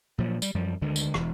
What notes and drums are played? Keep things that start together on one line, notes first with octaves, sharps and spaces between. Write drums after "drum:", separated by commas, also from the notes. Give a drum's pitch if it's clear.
A#2 F3 F#3
G3, drum: tambourine
F#2 F3 G3
D2 D3 D#3 G#3
drum: tambourine
E1 E3, drum: rim click